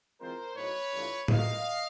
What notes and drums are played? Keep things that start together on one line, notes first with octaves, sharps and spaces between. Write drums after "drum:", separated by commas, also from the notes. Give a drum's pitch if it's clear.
E3 G#3 C4 F4 A#4 C5
A2 F#3 B3 D#4 B4 C#5
G2 E3 A3 D4 F4
A2 F#3 A3 D#5 F5, drum: tom A2